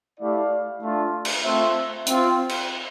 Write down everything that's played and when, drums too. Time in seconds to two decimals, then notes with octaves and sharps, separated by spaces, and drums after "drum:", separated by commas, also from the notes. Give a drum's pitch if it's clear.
0.19 A3 E4 G4 D5 F5
0.81 A3 D4 F4
1.25 drum: cymbal
1.43 A3 C4 F4 C5 E5
2.07 C4 F4, drum: hi-hat
2.49 drum: cymbal